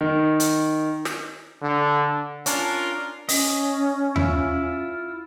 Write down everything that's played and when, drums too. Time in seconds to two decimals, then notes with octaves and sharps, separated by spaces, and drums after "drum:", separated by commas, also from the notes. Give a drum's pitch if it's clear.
0.01 D#3
0.40 drum: hi-hat
1.05 drum: snare
1.62 D3
2.46 C#4 D4 F4 A#4, drum: hi-hat
3.29 C#4 D#5, drum: open hi-hat
4.16 E4 F4, drum: tom D#2